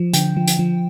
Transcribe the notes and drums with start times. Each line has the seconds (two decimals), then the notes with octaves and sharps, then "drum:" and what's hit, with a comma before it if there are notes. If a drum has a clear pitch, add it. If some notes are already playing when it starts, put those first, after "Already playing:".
Already playing: F3
0.13 D3 G5, drum: hi-hat
0.37 F3
0.48 drum: hi-hat
0.59 F3